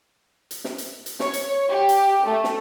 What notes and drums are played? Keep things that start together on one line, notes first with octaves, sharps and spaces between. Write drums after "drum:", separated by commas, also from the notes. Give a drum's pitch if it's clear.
drum: hi-hat
drum: snare
drum: hi-hat
drum: hi-hat
C#5, drum: snare
drum: hi-hat
G4
drum: hi-hat
A3
drum: snare